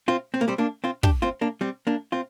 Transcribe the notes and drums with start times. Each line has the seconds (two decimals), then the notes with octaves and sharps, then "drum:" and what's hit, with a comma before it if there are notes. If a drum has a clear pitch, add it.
0.08 C4 F4
0.34 C4
0.41 A#3
0.48 G3 C4
0.58 A#3 D4
0.84 C4 F4
1.03 D4 G4, drum: kick
1.22 C4 F4
1.41 A#3 D4
1.61 G3 C4
1.87 A#3 D4
2.12 C4 F4